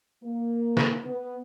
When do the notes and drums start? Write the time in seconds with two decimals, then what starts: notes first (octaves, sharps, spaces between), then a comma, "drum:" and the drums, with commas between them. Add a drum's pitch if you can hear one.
0.24 A#3
0.77 drum: snare
1.06 B3